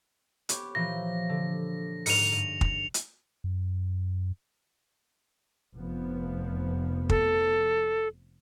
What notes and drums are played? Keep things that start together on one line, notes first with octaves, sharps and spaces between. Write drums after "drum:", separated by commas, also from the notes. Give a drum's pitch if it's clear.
B3 G4 C#5, drum: hi-hat
A#2 E3 F3 A#6
D3
G#2 C#7 F7, drum: open hi-hat
G2 D#7
drum: kick
drum: hi-hat
F#2
F1 F3 B3
A4, drum: kick